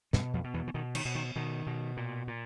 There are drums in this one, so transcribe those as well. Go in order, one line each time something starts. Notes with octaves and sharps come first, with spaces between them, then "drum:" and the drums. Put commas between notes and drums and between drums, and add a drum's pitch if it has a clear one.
G2 B2 G3, drum: snare
F2 F3
B2
E2 E3
E3
B2 D#3
D#3, drum: cymbal
B2
D#3
B2 D#3
B2
A#2
A#2